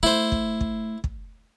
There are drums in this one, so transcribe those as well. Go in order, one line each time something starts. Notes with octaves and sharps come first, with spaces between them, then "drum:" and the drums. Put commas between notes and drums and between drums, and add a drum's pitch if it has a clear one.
A3 E4 C5
drum: kick
drum: kick
drum: kick